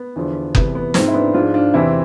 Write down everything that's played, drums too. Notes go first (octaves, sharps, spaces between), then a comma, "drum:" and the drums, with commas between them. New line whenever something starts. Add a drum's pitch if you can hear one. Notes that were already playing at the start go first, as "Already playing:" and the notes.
Already playing: B3
E2 D3 F3
E2 C3 E3 B3, drum: kick F#1
B3
G#2 F3 C4, drum: snare
E4
B3 D4
G#2 F3 D4 F4
D4 F4
E2 C3 E3 C4 E4